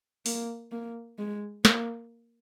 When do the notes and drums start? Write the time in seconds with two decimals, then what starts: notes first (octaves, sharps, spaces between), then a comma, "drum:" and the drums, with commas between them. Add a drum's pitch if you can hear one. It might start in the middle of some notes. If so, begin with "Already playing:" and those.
0.26 A#3, drum: open hi-hat
0.72 A#3
1.18 G#3
1.65 A#3, drum: snare